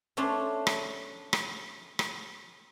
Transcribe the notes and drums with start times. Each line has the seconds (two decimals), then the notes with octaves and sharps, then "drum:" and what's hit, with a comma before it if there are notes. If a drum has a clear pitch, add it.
0.17 A3 C#4 D4 C5
0.67 drum: rim click
1.33 drum: rim click
1.99 drum: rim click